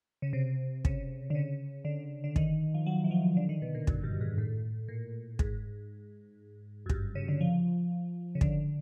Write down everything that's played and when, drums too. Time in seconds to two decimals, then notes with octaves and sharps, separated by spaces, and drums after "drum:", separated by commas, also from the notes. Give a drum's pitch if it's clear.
0.22 C#3
0.33 C3
0.85 C#3, drum: kick
1.30 D3
1.35 C#3
1.85 D3
2.24 D3
2.36 D#3, drum: kick
2.74 F3
2.86 F#3
3.04 E3
3.11 F3
3.37 D3
3.49 D#3
3.62 B2
3.75 A#2
3.87 F#2, drum: kick
4.03 G2
4.21 G#2
4.38 A2
4.88 A#2
5.39 G#2, drum: kick
6.86 F#2
6.90 G2, drum: kick
7.15 C#3
7.28 D3
7.41 F3
8.35 C#3
8.41 D3, drum: kick